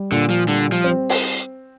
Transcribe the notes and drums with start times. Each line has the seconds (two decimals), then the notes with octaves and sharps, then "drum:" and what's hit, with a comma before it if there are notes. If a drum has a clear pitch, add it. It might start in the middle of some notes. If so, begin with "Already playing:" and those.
Already playing: G3
0.12 A#2 D3
0.30 F3
0.48 D3 G3
0.72 F3
0.84 C4
1.09 drum: open hi-hat